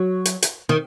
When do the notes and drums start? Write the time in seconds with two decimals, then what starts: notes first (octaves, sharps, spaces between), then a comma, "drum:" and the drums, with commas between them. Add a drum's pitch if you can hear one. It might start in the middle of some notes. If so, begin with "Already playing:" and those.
Already playing: F#3
0.25 drum: hi-hat
0.42 drum: hi-hat
0.69 D#3